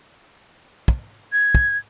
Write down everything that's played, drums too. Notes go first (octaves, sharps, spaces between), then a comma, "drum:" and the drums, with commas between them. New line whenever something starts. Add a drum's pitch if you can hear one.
drum: kick
G#6
drum: kick